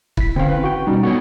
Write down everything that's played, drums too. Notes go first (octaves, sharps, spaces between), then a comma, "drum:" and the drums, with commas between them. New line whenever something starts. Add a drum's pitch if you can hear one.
E4 B6, drum: kick
D3 C4 C#4 F5 G5
B4
F#4 G5
B2 G3 C#4 D#4
B3 F#4 A4 C#5